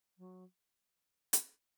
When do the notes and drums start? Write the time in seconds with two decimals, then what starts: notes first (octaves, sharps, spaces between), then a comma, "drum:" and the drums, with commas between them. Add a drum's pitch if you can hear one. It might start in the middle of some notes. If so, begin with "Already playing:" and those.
0.17 F#3
1.33 drum: hi-hat